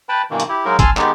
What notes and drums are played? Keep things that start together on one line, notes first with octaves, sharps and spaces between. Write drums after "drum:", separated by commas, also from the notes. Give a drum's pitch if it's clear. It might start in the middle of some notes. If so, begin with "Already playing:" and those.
B4 G5 A5 B5
G2 B2 D#3 E3 A#3
drum: hi-hat
E4 G4
F#3 G#3 A#3 D#4 A#4
G#5 A5 C6 E6 F6, drum: kick, hi-hat
D#3 G#3 B3 D#4 G4, drum: clap